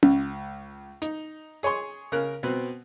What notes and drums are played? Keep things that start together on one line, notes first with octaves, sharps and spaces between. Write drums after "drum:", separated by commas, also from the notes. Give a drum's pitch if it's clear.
C#2, drum: tom C#4
D#4, drum: hi-hat
G#4 C#5 G#5 C6 C#6
C#3 A#4 F#6
B2 B3 C4